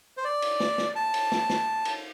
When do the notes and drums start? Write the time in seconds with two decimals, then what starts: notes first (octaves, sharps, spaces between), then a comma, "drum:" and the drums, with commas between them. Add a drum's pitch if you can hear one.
0.17 C5
0.24 D5
0.42 drum: cymbal
0.60 drum: snare
0.78 drum: snare
0.96 A5
1.14 drum: cymbal
1.32 drum: snare
1.50 drum: snare
1.85 drum: cymbal